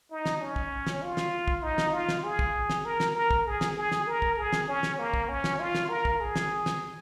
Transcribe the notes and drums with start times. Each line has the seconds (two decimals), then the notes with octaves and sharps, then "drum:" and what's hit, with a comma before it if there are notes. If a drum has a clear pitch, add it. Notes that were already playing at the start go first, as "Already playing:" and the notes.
0.10 D#4
0.26 drum: snare
0.41 C#4
0.56 drum: kick
0.87 drum: snare
1.02 F4
1.17 drum: snare
1.48 drum: kick
1.63 D#4
1.78 drum: snare
1.93 F4
2.09 drum: snare
2.23 G#4
2.39 drum: kick
2.70 drum: snare
2.85 A#4
3.00 drum: snare
3.15 A#4
3.31 drum: kick
3.46 G#4
3.61 drum: snare
3.77 G#4
3.92 drum: snare
4.07 A#4
4.22 drum: kick
4.37 G#4
4.53 drum: snare
4.68 C#4
4.83 drum: snare
4.99 A#3
5.14 drum: kick
5.29 C#4
5.44 drum: snare
5.59 F4
5.75 drum: snare
5.89 A#4
6.05 drum: kick
6.20 G#4
6.36 drum: snare
6.66 drum: snare